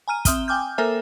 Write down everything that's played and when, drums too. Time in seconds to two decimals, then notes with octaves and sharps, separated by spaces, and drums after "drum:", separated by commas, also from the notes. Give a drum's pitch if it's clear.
0.08 G#5 A#5 F6 D#7
0.25 C4 E5 D#6 F6 G7, drum: kick, hi-hat
0.48 G5 G#5 D6 F6 G6
0.78 A#3 A4 A#4 C5 E5 G#5